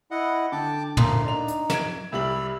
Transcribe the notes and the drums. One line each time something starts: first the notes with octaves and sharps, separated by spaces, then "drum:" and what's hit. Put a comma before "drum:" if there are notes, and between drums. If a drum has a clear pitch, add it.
E4 D#5 F#5
D3 G5 A5 D6
F#1 D2 A#3 C6, drum: tom
D4 D#4 F7
drum: hi-hat
G#6 D7 E7, drum: snare
C2 G3 B5 E6 F#7